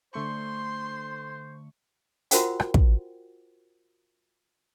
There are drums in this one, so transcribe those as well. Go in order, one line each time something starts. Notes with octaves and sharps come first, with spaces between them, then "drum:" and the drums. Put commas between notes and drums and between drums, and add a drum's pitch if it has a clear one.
D3 A3 C5 C6 C#6
F4 F#4 A#4 C5 F#5 G5, drum: hi-hat
drum: rim click
drum: kick